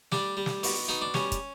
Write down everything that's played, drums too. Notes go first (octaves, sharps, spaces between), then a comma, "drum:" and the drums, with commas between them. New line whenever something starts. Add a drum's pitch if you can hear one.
G3 D4, drum: snare
G3
drum: snare
B2, drum: open hi-hat
B2 D#4
D4
G3 C#4, drum: snare
drum: kick, hi-hat